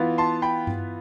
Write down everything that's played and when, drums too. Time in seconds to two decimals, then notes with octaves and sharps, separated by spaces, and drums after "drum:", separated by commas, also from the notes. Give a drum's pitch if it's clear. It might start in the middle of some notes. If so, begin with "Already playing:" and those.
Already playing: E3 B3 F4
0.18 A5 C6
0.42 G5 B5
0.67 drum: tom G2